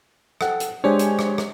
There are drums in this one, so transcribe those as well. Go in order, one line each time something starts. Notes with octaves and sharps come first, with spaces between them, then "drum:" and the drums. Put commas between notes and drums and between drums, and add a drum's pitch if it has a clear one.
A4 F#5 G5, drum: rim click
drum: hi-hat
G#3 D4 G4 C5 C#5 G#5
drum: hi-hat
drum: rim click
drum: rim click